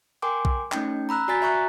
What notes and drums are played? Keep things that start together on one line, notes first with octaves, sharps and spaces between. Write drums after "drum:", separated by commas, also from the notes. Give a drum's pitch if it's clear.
A#4 G5 G#5 C6 D6
drum: kick B1
A3 C#4 D#4 G5, drum: clap
A#5 B5 E6 F#6
F#4 D5 G#5 A#5 A6 B6
F#4 E5 A#5 C#6 F#6